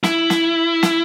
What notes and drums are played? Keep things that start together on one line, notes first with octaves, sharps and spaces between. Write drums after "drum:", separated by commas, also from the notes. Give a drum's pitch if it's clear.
E4, drum: snare
drum: snare
drum: snare